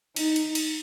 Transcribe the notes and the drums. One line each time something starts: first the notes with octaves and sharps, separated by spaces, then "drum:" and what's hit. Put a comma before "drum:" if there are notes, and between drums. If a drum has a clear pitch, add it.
D#4, drum: cymbal
drum: cymbal
drum: cymbal